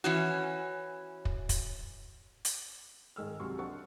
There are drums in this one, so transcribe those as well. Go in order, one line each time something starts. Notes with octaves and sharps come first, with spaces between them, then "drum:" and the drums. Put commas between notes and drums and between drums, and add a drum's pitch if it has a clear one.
E3 C#4 F#4
drum: kick
drum: kick, hi-hat
drum: hi-hat
G#1 D#3 G#3 E6 F6
C#2 C3 F#3 C6 C#6
D4 C5 F#5 C#6